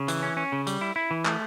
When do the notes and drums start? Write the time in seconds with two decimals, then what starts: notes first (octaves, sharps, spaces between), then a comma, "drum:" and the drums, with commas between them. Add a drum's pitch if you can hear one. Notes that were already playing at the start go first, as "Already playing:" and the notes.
Already playing: C#3
0.08 E3, drum: hi-hat
0.23 C#4
0.37 C#4
0.52 C#3
0.67 G3, drum: hi-hat
0.81 E4
0.96 E4
1.11 E3
1.25 A3, drum: clap